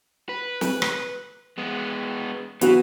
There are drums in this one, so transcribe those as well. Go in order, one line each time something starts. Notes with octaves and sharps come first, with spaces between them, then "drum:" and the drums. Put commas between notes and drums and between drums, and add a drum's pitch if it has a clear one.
B4
drum: snare
drum: rim click
G#3 B3
E3 B3 F#4, drum: hi-hat